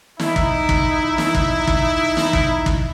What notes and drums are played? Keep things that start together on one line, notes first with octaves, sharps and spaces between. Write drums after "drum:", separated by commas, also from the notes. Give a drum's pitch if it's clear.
D#4 E4, drum: snare
drum: kick
drum: kick
drum: snare
drum: kick
drum: kick
drum: snare
drum: kick
drum: kick